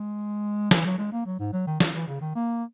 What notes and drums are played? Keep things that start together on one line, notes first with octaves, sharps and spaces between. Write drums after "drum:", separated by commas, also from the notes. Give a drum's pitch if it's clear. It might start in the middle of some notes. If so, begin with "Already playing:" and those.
Already playing: G#3
E3, drum: snare
F#3
G#3
A#3
F#3
G#2
F#3
D#3
E3, drum: snare
E3
C#3
D#3
A#3